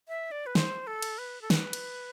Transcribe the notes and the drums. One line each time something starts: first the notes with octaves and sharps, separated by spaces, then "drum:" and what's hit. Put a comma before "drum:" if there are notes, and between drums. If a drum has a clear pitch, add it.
E5
D5
B4
C5, drum: snare
A4
drum: cymbal
B4
A4
B4, drum: snare
drum: cymbal